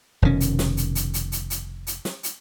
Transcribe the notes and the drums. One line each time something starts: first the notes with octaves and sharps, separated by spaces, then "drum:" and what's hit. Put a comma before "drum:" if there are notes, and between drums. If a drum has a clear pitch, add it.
F1 B2 D#3 C#4
drum: hi-hat
drum: snare
drum: hi-hat
drum: hi-hat
drum: hi-hat
drum: hi-hat
drum: hi-hat
drum: hi-hat
drum: snare
drum: hi-hat